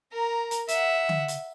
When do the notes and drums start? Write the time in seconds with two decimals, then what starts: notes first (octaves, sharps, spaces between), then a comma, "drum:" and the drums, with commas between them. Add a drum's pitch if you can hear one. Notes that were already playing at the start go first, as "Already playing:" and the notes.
0.12 A#4 A#5
0.51 drum: hi-hat
0.68 E5 F#5, drum: hi-hat
1.09 drum: tom D3
1.28 drum: hi-hat